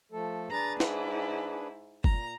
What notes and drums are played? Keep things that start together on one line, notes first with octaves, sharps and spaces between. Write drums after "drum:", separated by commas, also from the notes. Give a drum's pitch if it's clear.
F3 A3 A4
D4 G#4 B4 A#5 A6
G#2 E4, drum: snare
A#2 A#5, drum: kick F#1